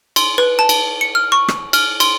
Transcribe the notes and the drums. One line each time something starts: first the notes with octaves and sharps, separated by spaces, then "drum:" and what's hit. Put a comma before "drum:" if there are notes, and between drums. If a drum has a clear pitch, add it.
C6, drum: cymbal
B4
A5
drum: cymbal
C#7
F6
C#6
drum: rim click
F6, drum: cymbal
C6, drum: cymbal